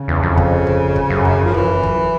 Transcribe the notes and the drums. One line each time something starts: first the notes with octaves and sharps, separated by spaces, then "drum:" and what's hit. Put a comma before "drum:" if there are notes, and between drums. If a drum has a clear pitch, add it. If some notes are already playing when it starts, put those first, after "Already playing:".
Already playing: C#3
E2
F2
drum: kick
drum: kick
drum: kick
F#2
drum: kick
F3
E3, drum: kick
drum: kick